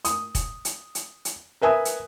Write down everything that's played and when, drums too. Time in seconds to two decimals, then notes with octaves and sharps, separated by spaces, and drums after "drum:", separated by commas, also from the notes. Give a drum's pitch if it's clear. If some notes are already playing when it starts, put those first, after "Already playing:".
0.05 D#6, drum: hi-hat
0.35 drum: kick, hi-hat
0.65 drum: hi-hat
0.95 drum: hi-hat
1.25 drum: hi-hat
1.61 A#4 B4 E5 G#5 D#6
1.85 drum: hi-hat